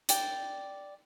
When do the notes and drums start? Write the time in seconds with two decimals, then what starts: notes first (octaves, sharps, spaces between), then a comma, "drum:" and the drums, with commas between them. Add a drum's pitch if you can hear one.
0.09 D5 G5, drum: hi-hat